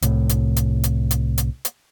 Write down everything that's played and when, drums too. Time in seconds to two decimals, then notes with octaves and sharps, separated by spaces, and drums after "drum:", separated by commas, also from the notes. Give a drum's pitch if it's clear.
0.02 C2 A2, drum: hi-hat
0.29 drum: hi-hat
0.56 drum: hi-hat
0.84 drum: hi-hat
1.11 drum: hi-hat
1.38 drum: hi-hat
1.65 drum: hi-hat